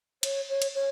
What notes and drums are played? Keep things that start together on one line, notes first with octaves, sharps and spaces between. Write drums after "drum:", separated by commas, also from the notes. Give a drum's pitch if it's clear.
C#5, drum: cymbal
C#5
drum: cymbal
C#5